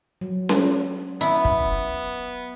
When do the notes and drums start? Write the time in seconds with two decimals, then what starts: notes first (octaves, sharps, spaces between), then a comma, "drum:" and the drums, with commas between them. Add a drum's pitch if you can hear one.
0.21 F#3
0.49 drum: snare C#4
1.21 B3 E4
1.45 drum: kick